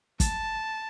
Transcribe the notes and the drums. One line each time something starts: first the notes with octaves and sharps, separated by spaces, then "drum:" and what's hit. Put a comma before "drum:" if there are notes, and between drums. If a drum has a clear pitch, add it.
A5, drum: kick, hi-hat